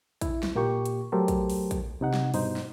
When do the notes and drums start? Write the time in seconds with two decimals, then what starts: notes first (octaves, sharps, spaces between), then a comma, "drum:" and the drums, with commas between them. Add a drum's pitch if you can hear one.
0.21 E4, drum: kick A#1, hi-hat
0.43 drum: snare
0.55 A#2 A#3 G4 C#6
0.86 drum: hi-hat
1.12 F#3 A3 G4 A4 A#4 C5
1.28 drum: kick A#1, hi-hat
1.50 drum: open hi-hat
1.71 drum: kick A#1, hi-hat
2.01 C3 D#4 F#5
2.14 drum: snare
2.34 G2 B2 D#4 C5, drum: open hi-hat
2.56 drum: snare